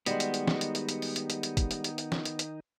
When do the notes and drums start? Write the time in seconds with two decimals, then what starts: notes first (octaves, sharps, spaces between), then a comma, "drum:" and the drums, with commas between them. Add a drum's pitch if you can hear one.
0.06 D#3 G3 G#3 B3 D#4 F#4, drum: hi-hat
0.20 drum: hi-hat
0.34 drum: hi-hat
0.47 drum: snare
0.61 drum: hi-hat
0.75 drum: hi-hat
0.89 drum: hi-hat
1.02 drum: open hi-hat
1.16 drum: hi-hat
1.30 drum: hi-hat
1.43 drum: hi-hat
1.57 drum: kick, hi-hat
1.71 drum: hi-hat
1.84 drum: hi-hat
1.98 drum: hi-hat
2.12 drum: snare
2.25 drum: hi-hat
2.39 drum: hi-hat